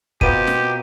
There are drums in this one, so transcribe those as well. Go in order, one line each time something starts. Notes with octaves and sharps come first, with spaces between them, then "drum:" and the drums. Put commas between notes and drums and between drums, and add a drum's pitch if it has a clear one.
B2 B3 C4 F4 G4 A#4 D#7, drum: kick
drum: snare